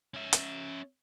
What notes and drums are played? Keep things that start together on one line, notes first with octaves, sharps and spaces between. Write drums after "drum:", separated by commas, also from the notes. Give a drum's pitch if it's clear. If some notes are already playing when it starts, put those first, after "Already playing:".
C#4 E5
drum: hi-hat